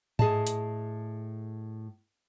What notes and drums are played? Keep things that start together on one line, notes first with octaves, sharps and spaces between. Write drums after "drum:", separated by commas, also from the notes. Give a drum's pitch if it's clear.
A2 G#4 D#5 A5, drum: tom G#2
drum: hi-hat